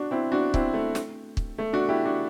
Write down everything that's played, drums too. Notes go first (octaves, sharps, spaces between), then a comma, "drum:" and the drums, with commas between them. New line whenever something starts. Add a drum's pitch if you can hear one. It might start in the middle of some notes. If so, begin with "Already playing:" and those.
Already playing: D4 F#4
C4 E4
D4 F#4
C4 E4, drum: kick
A3
drum: snare
drum: kick
A3
D4 F#4
E4 G4
D4 F#4